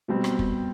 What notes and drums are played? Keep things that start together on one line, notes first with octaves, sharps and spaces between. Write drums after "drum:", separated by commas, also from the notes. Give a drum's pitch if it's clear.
B2 G3 C4
drum: rim click
drum: kick